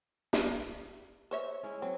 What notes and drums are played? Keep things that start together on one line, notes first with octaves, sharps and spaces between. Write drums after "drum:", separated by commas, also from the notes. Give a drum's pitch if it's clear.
drum: snare
C5 C#5 E5
G#3 C#4 E4
F#3 C4